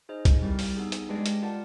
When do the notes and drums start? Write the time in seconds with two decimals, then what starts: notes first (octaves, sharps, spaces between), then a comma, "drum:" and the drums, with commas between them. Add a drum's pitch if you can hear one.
0.09 D#4 G#4 C5 D#5
0.25 drum: kick B1, hi-hat
0.42 G3 C4 E4 G4 A#4
0.59 drum: open hi-hat
0.76 B3 D#4 G#4
0.92 drum: hi-hat
1.09 G#3 D4 G4 B4 D5 G5
1.26 drum: hi-hat
1.42 F4 A#4 D5 F#5 A5